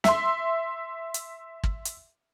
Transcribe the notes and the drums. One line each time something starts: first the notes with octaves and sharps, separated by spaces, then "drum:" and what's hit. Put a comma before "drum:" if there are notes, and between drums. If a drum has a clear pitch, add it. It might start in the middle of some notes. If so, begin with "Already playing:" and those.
E5 C6, drum: snare
drum: hi-hat
drum: kick
drum: hi-hat